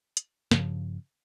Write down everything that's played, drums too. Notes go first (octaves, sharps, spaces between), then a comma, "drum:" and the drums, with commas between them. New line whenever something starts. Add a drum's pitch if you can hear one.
drum: hi-hat
G2 C#3 F3, drum: snare